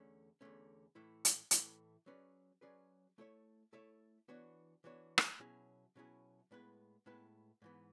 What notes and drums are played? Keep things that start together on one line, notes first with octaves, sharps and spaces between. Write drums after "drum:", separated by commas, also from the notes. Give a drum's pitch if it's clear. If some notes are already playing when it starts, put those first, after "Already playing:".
Already playing: E2 D3 A3 C#4
E2 D3 A3 C#4
A2 E3 A3 E4
drum: hi-hat
A2 E3 A3 E4, drum: hi-hat
F#3 C#4 G#4 B4 D5
F#3 C#4 G#4 B4 D5
A3 E4 A4 C#5 E5
A3 E4 A4 C#5 E5
E3 B3 D4 F#4 C#5
E3 B3 D4 F#4 C#5
drum: rim click
B2 F#3 C#4 E4 G#4
B2 F#3 C#4 E4 G#4
A2 G#3 B3 E4 B4
A2 G#3 B3 E4 B4
G#2 E3 B3